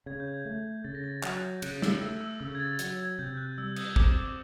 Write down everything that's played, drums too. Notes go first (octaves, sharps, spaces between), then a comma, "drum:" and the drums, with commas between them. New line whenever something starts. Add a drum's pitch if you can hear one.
C#3 G#6
G6
G#6
A3
C#3 A6
A#6
A6
F#3 A6, drum: clap
F#6
G6
C#3 F#6, drum: cymbal
E6, drum: snare
A3 E6
E6
C#3 E6
G#6
A6
F#3 A6, drum: hi-hat
G#6
C3 G6
F#6
G3 E6
D#6, drum: cymbal
C4 D6, drum: kick